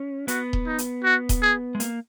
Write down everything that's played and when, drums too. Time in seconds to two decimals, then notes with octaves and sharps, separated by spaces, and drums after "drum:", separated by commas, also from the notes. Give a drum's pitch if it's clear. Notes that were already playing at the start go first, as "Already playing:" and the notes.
Already playing: C#4
0.28 B3 F#4, drum: hi-hat
0.53 drum: kick D#1
0.66 D#4
0.78 drum: hi-hat
1.04 F#4
1.29 drum: kick D#1, hi-hat
1.42 G#4
1.75 G#3
1.80 A#3, drum: hi-hat